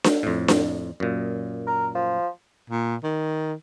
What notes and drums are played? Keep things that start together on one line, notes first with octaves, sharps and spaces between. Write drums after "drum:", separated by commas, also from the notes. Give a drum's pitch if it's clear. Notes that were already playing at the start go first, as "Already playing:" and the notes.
drum: snare D4
F2 A2
drum: snare D4
F#2 A#2
A#4
F3
A#2
D#3